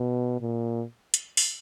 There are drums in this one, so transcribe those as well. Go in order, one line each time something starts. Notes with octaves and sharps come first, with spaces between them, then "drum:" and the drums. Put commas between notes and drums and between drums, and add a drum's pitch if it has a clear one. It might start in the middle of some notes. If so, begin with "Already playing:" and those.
Already playing: B2
A#2
drum: hi-hat
drum: open hi-hat